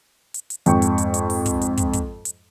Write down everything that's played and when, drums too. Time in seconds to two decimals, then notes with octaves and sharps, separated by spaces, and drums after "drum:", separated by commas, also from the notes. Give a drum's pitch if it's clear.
0.34 drum: hi-hat
0.50 drum: hi-hat
0.66 F2 G#2 G5 C#6, drum: hi-hat
0.82 drum: hi-hat
0.98 drum: hi-hat
1.14 drum: hi-hat
1.30 drum: open hi-hat
1.46 drum: kick, hi-hat
1.62 drum: hi-hat
1.77 drum: kick, hi-hat
1.93 drum: kick, hi-hat
2.25 drum: hi-hat